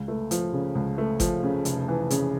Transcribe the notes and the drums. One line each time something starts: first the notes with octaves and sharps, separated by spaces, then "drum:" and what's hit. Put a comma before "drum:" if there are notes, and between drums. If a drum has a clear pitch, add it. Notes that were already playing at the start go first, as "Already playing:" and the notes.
Already playing: C#2
A3
F3, drum: hi-hat
C#3
C#2
A3
F3, drum: kick G1, hi-hat
C#3
F1, drum: hi-hat
E3
C#3, drum: hi-hat